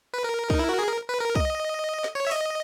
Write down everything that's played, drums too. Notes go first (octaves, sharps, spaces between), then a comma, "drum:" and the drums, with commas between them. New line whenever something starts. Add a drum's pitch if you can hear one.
B4
A#4
D#4, drum: kick
E4
F#4
G#4
A#4
B4
A#4
D#5, drum: kick
drum: snare
C#5
E5
D#5, drum: open hi-hat